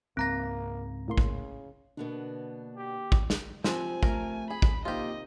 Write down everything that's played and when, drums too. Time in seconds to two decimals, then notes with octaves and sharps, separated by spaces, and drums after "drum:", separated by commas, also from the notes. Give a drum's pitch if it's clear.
0.17 C#2 G#2 A#3 C4 A#5 A#6
1.08 A2 C#3 A#3 C6
1.18 drum: kick
1.97 B2 D3 A#3 B3 D4
2.77 G4
3.12 drum: kick
3.30 drum: snare
3.64 C3 F3 C4 G#5, drum: snare
4.03 A3 A#4, drum: kick
4.51 G#4 B5
4.62 drum: kick
4.85 C3 D#3 A#3 F4 G4 D#5